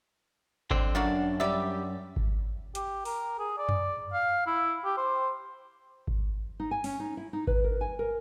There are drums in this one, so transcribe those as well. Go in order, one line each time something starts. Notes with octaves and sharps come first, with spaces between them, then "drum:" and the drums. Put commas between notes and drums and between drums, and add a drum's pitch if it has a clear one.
F2 D3 C4, drum: kick G#1
F#2 A#3 D4 F#4 F5
G3 G4 D5 E5
drum: kick G#1
G4, drum: hi-hat
A#4, drum: open hi-hat
G#4
D5
drum: tom F#2
F5
E4
G4
C5
drum: kick G#1
D#4
G#5
C#4, drum: open hi-hat
D#4
E4
D#4
B4, drum: kick G#1
A#4
G#5
A#4